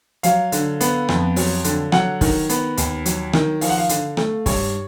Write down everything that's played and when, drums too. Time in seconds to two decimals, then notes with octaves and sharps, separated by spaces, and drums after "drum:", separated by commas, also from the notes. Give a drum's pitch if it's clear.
0.23 F#3 F5, drum: hi-hat
0.52 D3, drum: hi-hat
0.80 B3, drum: hi-hat
1.09 F2, drum: rim click
1.36 F#3, drum: open hi-hat
1.64 D3, drum: hi-hat
1.92 F#3 F#5, drum: rim click
2.21 D#3, drum: kick, open hi-hat
2.49 B3, drum: hi-hat
2.77 D#2, drum: hi-hat
3.06 F#3, drum: hi-hat
3.33 D#3, drum: rim click
3.61 F3 F5, drum: open hi-hat
3.69 F#5
3.78 F5
3.89 D3, drum: hi-hat
4.17 A3, drum: rim click
4.46 G2 C#5, drum: kick, open hi-hat